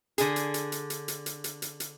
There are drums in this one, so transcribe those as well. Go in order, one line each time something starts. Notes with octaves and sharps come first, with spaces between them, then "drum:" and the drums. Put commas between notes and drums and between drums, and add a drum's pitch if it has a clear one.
D3 G#4, drum: hi-hat
drum: hi-hat
drum: hi-hat
drum: hi-hat
drum: hi-hat
drum: hi-hat
drum: hi-hat
drum: hi-hat
drum: hi-hat
drum: hi-hat